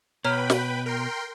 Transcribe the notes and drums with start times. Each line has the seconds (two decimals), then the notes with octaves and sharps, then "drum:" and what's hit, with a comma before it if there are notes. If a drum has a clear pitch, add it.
0.25 B2 B4 C#5 G5 A#5 B5 F6
0.50 drum: snare
0.86 A#4 G5 C6